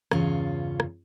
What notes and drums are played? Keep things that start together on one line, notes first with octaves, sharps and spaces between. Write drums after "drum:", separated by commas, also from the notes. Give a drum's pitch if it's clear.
E2 G2 C#3 C#4 F4, drum: rim click
drum: rim click